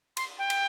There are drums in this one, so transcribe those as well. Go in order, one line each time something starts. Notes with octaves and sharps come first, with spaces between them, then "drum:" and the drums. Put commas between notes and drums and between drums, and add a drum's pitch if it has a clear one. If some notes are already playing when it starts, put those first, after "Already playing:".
C6, drum: cymbal
G5
drum: cymbal